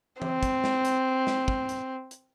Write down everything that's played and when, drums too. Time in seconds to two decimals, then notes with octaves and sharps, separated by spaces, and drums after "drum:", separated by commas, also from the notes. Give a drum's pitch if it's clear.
0.22 C4, drum: tom E3
0.43 drum: kick, hi-hat
0.64 drum: snare
0.85 drum: hi-hat
1.27 drum: snare
1.48 drum: kick
1.69 drum: hi-hat
2.11 drum: hi-hat